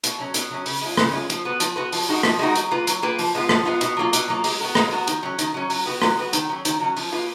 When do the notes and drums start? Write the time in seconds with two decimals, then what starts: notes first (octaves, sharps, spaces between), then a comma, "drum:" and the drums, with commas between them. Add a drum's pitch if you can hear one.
0.04 B2, drum: hi-hat
0.18 F#3 C#4
0.34 B2, drum: hi-hat
0.51 F#3 C#4
0.66 C#3, drum: open hi-hat
0.82 G#3 C#4 F4
0.97 C#3, drum: rim click
1.13 G#3 C#4 F4
1.30 F3, drum: hi-hat
1.45 B3 F#4 B4
1.60 F3, drum: hi-hat
1.76 B3 F#4 B4
1.92 F3, drum: open hi-hat
2.08 G#3 D#4 F#4 A#4
2.23 F3, drum: rim click
2.39 G#3 D#4 F#4 A#4
2.55 F#3, drum: hi-hat
2.71 A#3 F4 B4
2.87 F#3, drum: hi-hat
3.02 A#3 F4 B4
3.19 F3, drum: open hi-hat
3.34 G#3 B3 F4
3.49 F3, drum: rim click
3.65 G#3 B3 F4
3.81 B2, drum: hi-hat
3.97 F#3 A#3 F4
4.13 B2, drum: hi-hat
4.28 F#3 A#3 F4
4.44 G#3, drum: open hi-hat
4.60 B3 F#4 A#4
4.75 G#3, drum: rim click
4.91 B3 F#4 A#4
5.07 D#3, drum: hi-hat
5.23 F#3 C#4
5.39 D#3, drum: hi-hat
5.54 F#3 C#4
5.70 F#3, drum: open hi-hat
5.86 B3 F#4 B4
6.02 F#3, drum: rim click
6.17 B3 F#4 B4
6.33 D#3, drum: hi-hat
6.49 F#3 C#4
6.65 D#3, drum: hi-hat
6.80 F#3 C#4
6.96 F3, drum: open hi-hat
7.12 A#3 F4 B4